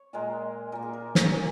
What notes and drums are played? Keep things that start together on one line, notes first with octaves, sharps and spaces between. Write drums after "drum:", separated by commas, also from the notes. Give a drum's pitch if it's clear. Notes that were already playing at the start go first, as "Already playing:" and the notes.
Already playing: C#5
A#2 G#3 A#4
A#2 A#3 A#4
G#4
A#4
drum: snare
A#2 A#3